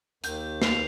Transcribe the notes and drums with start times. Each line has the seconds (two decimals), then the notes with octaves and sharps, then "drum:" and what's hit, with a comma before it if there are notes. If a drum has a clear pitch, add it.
0.24 D#2 D#3 G6, drum: hi-hat
0.62 C7 F7, drum: snare